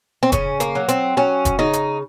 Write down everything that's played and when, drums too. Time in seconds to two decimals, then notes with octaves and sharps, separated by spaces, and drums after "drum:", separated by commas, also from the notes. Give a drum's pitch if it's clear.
0.23 C4
0.32 C#3 C#4, drum: kick F1, hi-hat
0.60 A#3, drum: hi-hat
0.75 F#3
0.89 C4, drum: hi-hat
1.17 F#3 C#4
1.45 drum: kick F1, hi-hat
1.59 C#3 D#4
1.73 drum: hi-hat